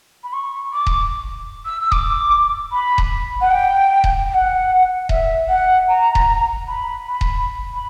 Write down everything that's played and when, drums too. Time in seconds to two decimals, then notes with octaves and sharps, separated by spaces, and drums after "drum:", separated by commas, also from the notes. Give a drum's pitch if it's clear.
0.24 B5
0.33 C#6
0.73 D6
0.87 drum: kick D#1
1.66 E6
1.81 E6
1.92 D6, drum: kick D#1
2.72 B5
2.98 drum: kick D#1
3.41 F#5
3.50 G5
4.04 drum: kick D#1
4.31 G5
4.34 F#5
5.09 E5, drum: kick D#1
5.48 F#5
5.88 A#5
6.15 drum: kick D#1
6.68 B5
7.08 B5
7.21 drum: kick D#1
7.74 B5